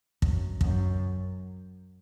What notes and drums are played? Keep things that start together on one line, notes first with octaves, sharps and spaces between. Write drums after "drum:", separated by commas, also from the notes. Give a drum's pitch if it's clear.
F#2, drum: kick
F#2, drum: kick